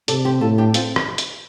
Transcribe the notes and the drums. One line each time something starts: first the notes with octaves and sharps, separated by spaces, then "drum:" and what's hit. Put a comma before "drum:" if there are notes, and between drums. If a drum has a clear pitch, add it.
C3 A4 D5, drum: hi-hat
G4 C5
A2 F4 A4
D4 G4
C4 F4, drum: hi-hat
drum: rim click
drum: hi-hat